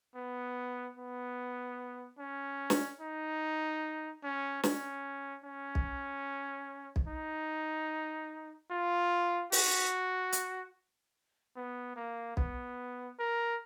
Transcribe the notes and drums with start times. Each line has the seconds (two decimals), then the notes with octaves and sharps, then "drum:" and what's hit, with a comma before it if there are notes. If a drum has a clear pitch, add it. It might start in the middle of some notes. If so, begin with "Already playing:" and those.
0.16 B3
0.98 B3
2.19 C#4
2.70 drum: snare
3.01 D#4
4.24 C#4
4.63 C#4, drum: snare
5.45 C#4
5.75 drum: kick B1
6.96 drum: kick B1
7.08 D#4
8.71 F4
9.52 F#4, drum: open hi-hat
10.32 drum: hi-hat
11.56 B3
11.96 A#3
12.37 B3, drum: kick B1
13.19 A#4